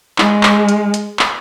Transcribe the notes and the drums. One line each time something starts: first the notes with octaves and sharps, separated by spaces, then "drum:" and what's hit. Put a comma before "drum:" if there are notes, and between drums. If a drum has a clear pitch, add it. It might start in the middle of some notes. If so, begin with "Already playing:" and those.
G#3, drum: clap
drum: clap
drum: hi-hat
drum: hi-hat
drum: clap